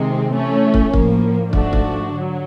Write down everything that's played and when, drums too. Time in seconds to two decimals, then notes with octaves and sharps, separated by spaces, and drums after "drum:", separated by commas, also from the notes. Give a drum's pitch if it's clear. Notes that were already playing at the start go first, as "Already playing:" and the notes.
Already playing: C3 D#3 G#3 C4
0.34 E3 A3 C#4
0.74 drum: kick
0.94 A2 F3 A#3, drum: kick
1.53 G#2 F3 A3 D4 F#4, drum: kick
1.73 drum: kick
2.12 D3 F#3